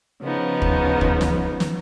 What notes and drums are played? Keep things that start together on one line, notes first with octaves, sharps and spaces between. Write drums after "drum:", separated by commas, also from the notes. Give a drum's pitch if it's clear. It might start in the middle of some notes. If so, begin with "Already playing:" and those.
C#3 F3 B3 D#4
drum: kick
drum: kick
drum: snare
drum: snare